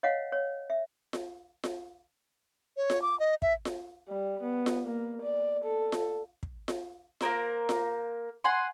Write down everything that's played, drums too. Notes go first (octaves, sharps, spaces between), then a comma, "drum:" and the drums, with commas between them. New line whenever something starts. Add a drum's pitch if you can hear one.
C#5 D#5 F5 F#5 G#5
C#5
E5
drum: snare F4
drum: snare F4
C#5
drum: snare F4
D6
D#5
E5, drum: kick
drum: snare F4
G3
B3
drum: snare F4
A#3
D5
A4
drum: snare F4
drum: kick
drum: snare F4
A#3 C4 A#4 C5, drum: snare F4
drum: snare F4
F#5 G#5 C6